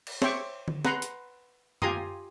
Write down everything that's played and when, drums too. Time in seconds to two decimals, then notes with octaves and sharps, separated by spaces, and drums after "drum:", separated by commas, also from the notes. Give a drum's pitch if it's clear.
0.07 drum: cymbal
0.22 C5 C#5 E5 G5 C#6 D6, drum: snare
0.68 drum: tom D3
0.85 B4 F#5 A#5 C6, drum: snare
1.02 drum: hi-hat
1.82 F4 G4 G#5 A#5 C6 D#6, drum: tom